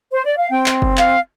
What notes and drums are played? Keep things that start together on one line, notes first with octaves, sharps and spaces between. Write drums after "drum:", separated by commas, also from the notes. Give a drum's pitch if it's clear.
C5
D5
F5
C4 G5
drum: clap
drum: kick F#1
F5, drum: clap